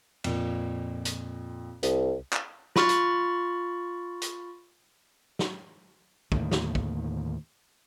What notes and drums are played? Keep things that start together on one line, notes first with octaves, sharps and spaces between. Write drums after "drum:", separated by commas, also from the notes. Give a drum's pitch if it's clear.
F2 A#2, drum: cymbal
drum: hi-hat
C2, drum: hi-hat
drum: clap
F4 B5 C#6 F6 A6, drum: snare
drum: hi-hat
drum: hi-hat
drum: snare
D#2 A2 D3 D#3, drum: kick
drum: snare
drum: kick